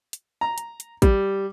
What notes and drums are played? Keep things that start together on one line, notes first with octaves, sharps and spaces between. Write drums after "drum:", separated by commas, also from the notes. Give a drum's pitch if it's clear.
drum: hi-hat
A#5
drum: hi-hat
drum: hi-hat
G3, drum: kick, hi-hat